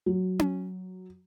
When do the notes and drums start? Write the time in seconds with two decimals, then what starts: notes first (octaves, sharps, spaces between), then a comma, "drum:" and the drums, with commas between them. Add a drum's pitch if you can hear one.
0.06 F#3
0.39 drum: tom C#4